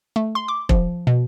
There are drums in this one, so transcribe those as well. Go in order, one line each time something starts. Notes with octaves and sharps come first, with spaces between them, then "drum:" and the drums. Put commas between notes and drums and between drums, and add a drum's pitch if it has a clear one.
A3
C6
D6
F3, drum: kick E1
B2